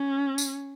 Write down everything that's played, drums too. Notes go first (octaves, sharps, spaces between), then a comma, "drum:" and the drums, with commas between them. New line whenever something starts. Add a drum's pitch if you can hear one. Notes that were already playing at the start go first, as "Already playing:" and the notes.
Already playing: C#4
drum: tambourine